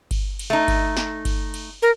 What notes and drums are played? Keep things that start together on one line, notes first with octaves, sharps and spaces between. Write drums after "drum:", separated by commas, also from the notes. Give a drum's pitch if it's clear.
drum: kick G1, cymbal
drum: cymbal
A3 D#4
drum: kick G1, cymbal
drum: snare
drum: kick G1, cymbal
drum: cymbal
A#4